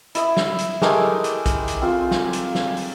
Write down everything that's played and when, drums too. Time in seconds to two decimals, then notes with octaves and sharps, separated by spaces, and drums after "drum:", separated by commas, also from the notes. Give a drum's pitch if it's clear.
0.15 E4 E5 D#6, drum: hi-hat
0.37 drum: snare
0.58 drum: hi-hat
0.82 G#3 A3 G4 A#4, drum: snare
1.24 drum: hi-hat
1.46 drum: kick, hi-hat
1.68 drum: hi-hat
1.81 C4 F4
2.11 drum: snare
2.33 drum: hi-hat
2.55 drum: snare
2.77 drum: open hi-hat